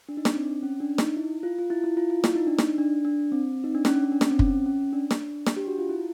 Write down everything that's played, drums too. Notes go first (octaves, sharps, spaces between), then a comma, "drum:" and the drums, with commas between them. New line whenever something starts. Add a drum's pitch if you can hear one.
D4
D#4
D4, drum: snare
C4
C#4
D4
D#4, drum: snare
E4
F4
F4
E4
E4
F4
F4
E4, drum: snare
D#4
D4
D#4, drum: snare
D4
D4
C4
D#4
D4
C#4, drum: snare
C#4
D4
drum: snare
C4
C#4, drum: kick
C#4
D4
drum: snare
drum: snare
G4
F#4
F4
E4